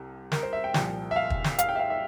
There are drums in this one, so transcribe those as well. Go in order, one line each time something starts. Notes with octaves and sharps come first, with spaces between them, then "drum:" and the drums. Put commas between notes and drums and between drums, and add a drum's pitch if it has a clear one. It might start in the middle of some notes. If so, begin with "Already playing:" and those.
Already playing: C2 C3
A#4, drum: snare
C5
E5
G5
C2 A#2 F3, drum: snare
E5
F5
drum: kick
drum: snare
F5, drum: hi-hat
G5
E5
F5
E5